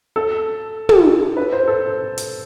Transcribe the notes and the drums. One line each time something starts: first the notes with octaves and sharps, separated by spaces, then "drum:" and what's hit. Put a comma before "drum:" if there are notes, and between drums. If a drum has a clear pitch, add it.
A4
drum: tom
B4
C5
A4
drum: hi-hat